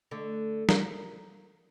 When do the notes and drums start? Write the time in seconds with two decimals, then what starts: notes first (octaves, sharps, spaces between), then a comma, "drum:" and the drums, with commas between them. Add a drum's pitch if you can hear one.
0.11 D3 A3
0.69 A#4, drum: snare